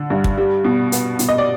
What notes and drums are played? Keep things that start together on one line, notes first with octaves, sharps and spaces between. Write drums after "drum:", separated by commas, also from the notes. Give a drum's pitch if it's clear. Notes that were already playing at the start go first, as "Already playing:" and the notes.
Already playing: D3
G2
drum: kick
G3
B2
B3, drum: hi-hat
B2, drum: hi-hat
D#5
D5